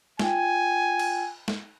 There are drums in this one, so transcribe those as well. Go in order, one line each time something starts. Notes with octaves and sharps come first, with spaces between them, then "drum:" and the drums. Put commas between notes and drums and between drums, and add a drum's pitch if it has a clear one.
F4 G5 G#5, drum: snare
drum: cymbal
drum: snare